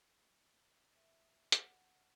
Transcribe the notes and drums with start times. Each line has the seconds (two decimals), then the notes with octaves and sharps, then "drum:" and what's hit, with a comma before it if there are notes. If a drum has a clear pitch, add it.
0.95 E5
1.52 F#5, drum: hi-hat